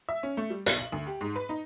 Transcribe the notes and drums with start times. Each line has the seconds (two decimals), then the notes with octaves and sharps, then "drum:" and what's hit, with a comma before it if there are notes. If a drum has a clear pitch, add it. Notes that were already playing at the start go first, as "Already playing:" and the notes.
0.09 E5
0.23 C#4
0.37 A3
0.50 G3
0.66 B1, drum: hi-hat
0.80 F#7
0.92 D2
1.07 G4
1.21 G#2
1.36 B4
1.49 D#4